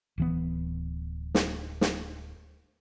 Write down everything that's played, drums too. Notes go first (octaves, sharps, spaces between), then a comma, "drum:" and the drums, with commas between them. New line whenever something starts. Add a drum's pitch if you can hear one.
D1 E3 B3
drum: snare
drum: snare